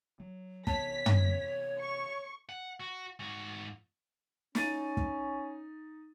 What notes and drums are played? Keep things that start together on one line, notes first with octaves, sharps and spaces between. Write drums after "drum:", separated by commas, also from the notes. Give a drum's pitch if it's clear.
F#3
C3 E3 B3 C#5 A5 B6, drum: kick
drum: tom
C#6
F#5
F#4
G#2 F#4
C#4 D#4 A6 D#7, drum: snare
drum: kick